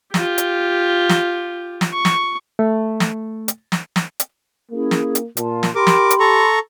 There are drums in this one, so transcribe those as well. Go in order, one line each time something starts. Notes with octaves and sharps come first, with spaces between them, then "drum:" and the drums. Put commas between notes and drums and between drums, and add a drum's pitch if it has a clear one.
F4 G4, drum: snare
drum: hi-hat
drum: snare
drum: snare
C#6
drum: snare
A3
drum: snare
drum: hi-hat
drum: snare
drum: snare
drum: hi-hat
A#3 C#4 E4 G#4
drum: snare
drum: hi-hat
A#2 F4 A5, drum: hi-hat
drum: snare
G4 A#4 B5 C6 D6
drum: snare
drum: hi-hat
A4 A#5 C#6